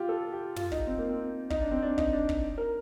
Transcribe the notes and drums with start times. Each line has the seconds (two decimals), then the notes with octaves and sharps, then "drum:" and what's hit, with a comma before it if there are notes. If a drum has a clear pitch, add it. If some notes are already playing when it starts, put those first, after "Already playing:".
Already playing: F4 G4
0.09 A4
0.33 G4
0.56 F4, drum: tom
0.72 D#4, drum: kick
0.87 C4
0.98 A#3
1.09 C4
1.50 D#4, drum: kick
1.61 D4
1.71 C4
1.83 D4
1.98 D#4, drum: kick
2.13 D4
2.29 drum: kick
2.58 A#4